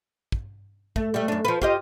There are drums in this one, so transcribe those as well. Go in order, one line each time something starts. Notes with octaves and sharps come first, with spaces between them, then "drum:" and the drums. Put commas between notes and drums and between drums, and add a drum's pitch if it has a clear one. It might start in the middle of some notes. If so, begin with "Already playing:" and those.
drum: kick
A3, drum: kick
G3 A3
F#2 D4
F3 B4
F4 G4 D#5, drum: kick